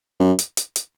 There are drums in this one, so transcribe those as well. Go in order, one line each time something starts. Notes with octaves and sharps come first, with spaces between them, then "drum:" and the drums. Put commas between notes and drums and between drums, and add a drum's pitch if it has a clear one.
F#2
drum: hi-hat
drum: hi-hat
drum: hi-hat